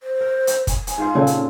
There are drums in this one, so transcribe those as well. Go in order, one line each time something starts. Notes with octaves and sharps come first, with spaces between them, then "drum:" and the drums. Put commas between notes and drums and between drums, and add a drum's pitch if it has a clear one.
C5
A#4
drum: hi-hat
G#5, drum: kick, hi-hat
drum: hi-hat
G#2 F4 C5
A#2 C#3 C4 A4 C#5
drum: hi-hat